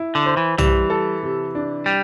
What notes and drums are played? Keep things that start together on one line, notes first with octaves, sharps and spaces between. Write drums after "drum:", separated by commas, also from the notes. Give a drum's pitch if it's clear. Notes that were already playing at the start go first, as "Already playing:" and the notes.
Already playing: E4
D3
C5
E3
E3 G3, drum: tom
A4
C3
D4
G3